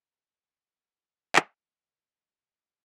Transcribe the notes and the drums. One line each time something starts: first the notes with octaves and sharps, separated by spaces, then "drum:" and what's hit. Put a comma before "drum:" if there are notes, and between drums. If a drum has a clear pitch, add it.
C4
drum: clap
A2 D3 G#3 A#3 C#4
A#2 F#3 A4